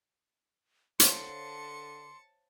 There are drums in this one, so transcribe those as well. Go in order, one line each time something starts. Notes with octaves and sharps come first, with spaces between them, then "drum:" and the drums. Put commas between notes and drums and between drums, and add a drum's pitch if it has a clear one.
D3 C5 C#5 F5 A5 C6 C#7, drum: hi-hat